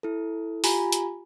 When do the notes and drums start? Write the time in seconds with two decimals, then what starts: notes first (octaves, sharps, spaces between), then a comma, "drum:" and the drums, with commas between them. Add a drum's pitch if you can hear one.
0.03 E4 A4
0.64 F4 G4 G#5 A#5 B5, drum: open hi-hat
0.92 drum: hi-hat